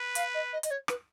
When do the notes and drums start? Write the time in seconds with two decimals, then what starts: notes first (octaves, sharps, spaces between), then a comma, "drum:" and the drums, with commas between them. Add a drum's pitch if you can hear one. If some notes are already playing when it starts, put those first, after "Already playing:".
Already playing: B4
0.15 F5, drum: hi-hat
0.34 D#5
0.52 D#5
0.63 D#5, drum: hi-hat
0.70 C#5
0.88 B4, drum: rim click